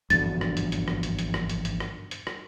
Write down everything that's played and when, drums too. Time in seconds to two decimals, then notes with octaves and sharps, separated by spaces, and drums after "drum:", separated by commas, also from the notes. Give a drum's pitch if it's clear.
0.10 G#1 G2 B2 D3 E3 F3 A6, drum: hi-hat
0.41 drum: rim click
0.57 drum: hi-hat
0.72 drum: hi-hat
0.88 drum: rim click
1.03 drum: hi-hat
1.19 drum: hi-hat
1.34 drum: rim click
1.49 drum: hi-hat
1.65 drum: hi-hat
1.80 drum: rim click
2.11 drum: hi-hat
2.27 drum: rim click